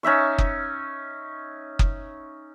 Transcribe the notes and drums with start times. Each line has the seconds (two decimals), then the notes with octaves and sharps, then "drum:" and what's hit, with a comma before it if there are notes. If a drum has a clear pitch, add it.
0.03 C#4 D#4 E5 C#6
0.38 drum: kick F#1
1.79 drum: kick F#1